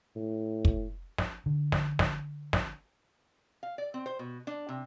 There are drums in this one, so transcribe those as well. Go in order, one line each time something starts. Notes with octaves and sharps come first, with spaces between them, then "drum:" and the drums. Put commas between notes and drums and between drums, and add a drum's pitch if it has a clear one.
A2
drum: kick
drum: snare
D3
drum: snare
drum: snare
drum: snare
F5
D5
C4
C5
B2
D4
C3